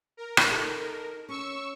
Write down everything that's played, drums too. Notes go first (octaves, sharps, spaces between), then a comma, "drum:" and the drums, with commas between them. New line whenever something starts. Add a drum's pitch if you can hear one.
A#4
drum: rim click
D#4 G#4 A4
C#4 C#6 E6